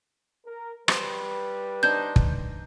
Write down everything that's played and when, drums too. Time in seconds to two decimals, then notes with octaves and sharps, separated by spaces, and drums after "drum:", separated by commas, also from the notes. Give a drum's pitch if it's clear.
0.46 A#4
0.88 G3 B4 C5, drum: rim click
1.83 D4 D#4 C5 G6
2.16 drum: kick